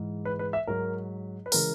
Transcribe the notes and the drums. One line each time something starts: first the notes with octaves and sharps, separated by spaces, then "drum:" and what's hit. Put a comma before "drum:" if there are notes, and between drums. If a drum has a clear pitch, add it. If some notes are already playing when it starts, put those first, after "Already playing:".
Already playing: G#2 E3 G#3
B4
B4
E5
G#2 F#3 A#4
B4
C#3 E3 G#3 A#4, drum: open hi-hat